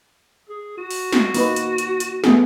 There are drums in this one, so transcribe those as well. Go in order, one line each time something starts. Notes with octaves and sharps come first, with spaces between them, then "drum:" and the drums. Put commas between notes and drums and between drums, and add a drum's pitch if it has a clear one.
G#4
F#4
drum: open hi-hat
drum: snare
A#3 D#4 B4, drum: open hi-hat
drum: hi-hat
drum: hi-hat
drum: hi-hat
A3 B3 G#4, drum: snare